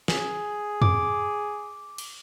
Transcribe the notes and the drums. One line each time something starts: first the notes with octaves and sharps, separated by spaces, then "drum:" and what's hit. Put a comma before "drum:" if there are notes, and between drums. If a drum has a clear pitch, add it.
G#4, drum: snare
D6, drum: tom F2
drum: cymbal